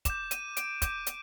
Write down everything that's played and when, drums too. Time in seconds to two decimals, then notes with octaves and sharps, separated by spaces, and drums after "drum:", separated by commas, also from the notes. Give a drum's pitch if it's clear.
0.05 D6 G6 E7, drum: kick, hi-hat
0.31 D#7, drum: hi-hat
0.57 D7, drum: hi-hat
0.82 D6 G6, drum: kick, hi-hat
1.07 drum: hi-hat